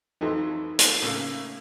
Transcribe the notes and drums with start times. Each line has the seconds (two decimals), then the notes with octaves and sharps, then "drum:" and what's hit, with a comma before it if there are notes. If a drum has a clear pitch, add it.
0.21 F2 E3 F#3 D#4 A4 C6
0.79 drum: hi-hat
1.02 A2 C#3 A#3